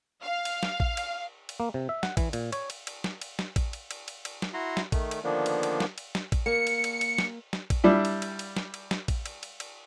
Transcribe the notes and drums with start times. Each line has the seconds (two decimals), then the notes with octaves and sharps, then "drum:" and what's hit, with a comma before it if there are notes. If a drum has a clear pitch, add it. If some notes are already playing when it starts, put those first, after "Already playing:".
0.21 F5
0.45 drum: cymbal
0.63 drum: snare
0.80 drum: kick A1
0.97 drum: cymbal
1.49 drum: cymbal
1.60 A#3
1.74 C3
1.89 E5
2.03 F#5, drum: snare
2.17 E3, drum: kick A1, cymbal
2.33 A#2, drum: cymbal
2.52 C#5, drum: cymbal
2.70 drum: cymbal
2.87 drum: cymbal
3.04 drum: snare
3.22 drum: cymbal
3.39 drum: snare
3.56 drum: kick A1, cymbal
3.73 drum: cymbal
3.91 drum: cymbal
4.08 drum: cymbal
4.25 drum: cymbal
4.42 drum: snare
4.54 E4 F#4 A#5 C6
4.77 drum: snare
4.92 D#3 A3, drum: kick A1, cymbal
5.11 drum: cymbal
5.24 D3 D#3 F3 A#3 B3 D4
5.46 drum: cymbal
5.63 drum: cymbal
5.80 drum: snare
5.98 drum: cymbal
6.15 drum: snare
6.32 drum: kick A1, cymbal
6.46 A#3 C#7
6.67 drum: cymbal
6.84 drum: cymbal
7.01 drum: cymbal
7.18 drum: snare
7.53 drum: snare
7.70 drum: kick A1, cymbal
7.84 G3 D4 E4
8.05 drum: cymbal
8.22 drum: cymbal
8.39 drum: cymbal
8.57 drum: snare
8.74 drum: cymbal
8.91 drum: snare
9.08 drum: kick A1, cymbal
9.26 drum: cymbal
9.43 drum: cymbal
9.60 drum: cymbal